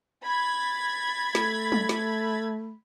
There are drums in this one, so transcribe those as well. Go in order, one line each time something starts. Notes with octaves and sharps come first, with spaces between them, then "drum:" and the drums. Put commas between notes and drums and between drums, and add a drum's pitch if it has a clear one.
B5 G#6 A6
A3, drum: snare
drum: tom F#3
drum: snare